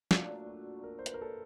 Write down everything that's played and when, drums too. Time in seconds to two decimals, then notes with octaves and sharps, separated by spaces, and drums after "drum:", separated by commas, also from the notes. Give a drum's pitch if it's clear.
0.11 A#2 F#3 A3 D4 F4, drum: snare
0.47 F#4
0.84 A#4
0.99 C5
1.06 B4, drum: hi-hat
1.14 A#4
1.21 A4